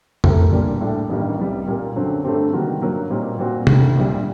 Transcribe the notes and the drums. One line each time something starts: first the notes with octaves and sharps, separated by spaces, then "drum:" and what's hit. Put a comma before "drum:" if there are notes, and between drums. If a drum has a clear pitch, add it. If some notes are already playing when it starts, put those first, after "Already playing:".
A2 A3 C4 G4 A#4, drum: tom
A#2 G3 A#3 D4
A2 G3 D4
A1 G2 D#3 G3 A#3
C2 C3 G3
A#2 G3 A#3
F#2 D3 F#3 C4
G2 D3 A3 C4 G4
C3 D#3 G3 A#3 F#4
G2 F#3 A#3
A#2 G3 C4 D#4
A#2 G3 C4 F#4
D2 C3 D#3, drum: tom C3
A#1 A#2 G3